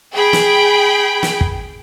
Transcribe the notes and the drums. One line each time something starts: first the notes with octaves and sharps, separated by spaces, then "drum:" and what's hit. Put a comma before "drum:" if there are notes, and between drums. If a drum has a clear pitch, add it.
G#4 G5 B5
drum: snare
drum: snare
drum: kick